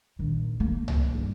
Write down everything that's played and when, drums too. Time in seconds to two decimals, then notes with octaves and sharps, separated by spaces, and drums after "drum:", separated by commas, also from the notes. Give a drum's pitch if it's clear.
0.19 A#1 D#3
0.60 A#3
0.88 drum: tom C2
1.15 G2